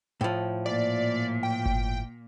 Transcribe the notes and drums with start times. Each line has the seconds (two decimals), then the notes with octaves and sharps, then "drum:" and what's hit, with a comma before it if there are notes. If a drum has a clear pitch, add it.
0.21 A2 F3
0.66 A#2 D5
1.43 G5
1.66 drum: kick G1